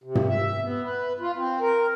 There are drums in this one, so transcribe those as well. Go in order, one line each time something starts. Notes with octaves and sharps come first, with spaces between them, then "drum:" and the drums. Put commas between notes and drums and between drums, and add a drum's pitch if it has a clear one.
C3
drum: tom
E5
B3
B4
F4
C4
A#4